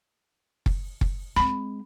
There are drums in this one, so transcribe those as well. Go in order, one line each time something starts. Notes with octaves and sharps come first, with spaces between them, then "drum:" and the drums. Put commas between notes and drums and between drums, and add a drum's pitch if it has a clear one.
drum: kick F#1
drum: kick F#1
G#3 C4 B5